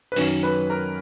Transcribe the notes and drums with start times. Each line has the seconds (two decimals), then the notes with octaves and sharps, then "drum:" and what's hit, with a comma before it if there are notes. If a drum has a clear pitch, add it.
0.12 B4
0.16 F#2 D#3 F#3 C#4 C#5, drum: open hi-hat
0.43 B4 B5
0.70 A#4 A#5